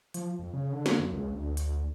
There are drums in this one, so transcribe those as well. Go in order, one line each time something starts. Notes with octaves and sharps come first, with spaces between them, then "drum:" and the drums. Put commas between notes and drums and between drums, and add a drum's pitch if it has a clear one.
F3, drum: hi-hat
F2
C#3
D3
drum: snare
F#2
C#2
D2
drum: hi-hat